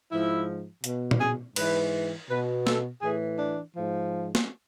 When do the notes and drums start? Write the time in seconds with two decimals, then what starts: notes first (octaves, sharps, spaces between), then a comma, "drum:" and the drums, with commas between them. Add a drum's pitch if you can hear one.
0.12 G#2 F3 E4
0.84 B2, drum: hi-hat
1.11 drum: tom
1.20 G#4
1.56 G#2 E3 B4, drum: cymbal
2.30 B2 B4
2.67 A4, drum: snare
3.02 A2 E3 G#4
3.39 D4
3.75 G#2 F3
4.35 drum: snare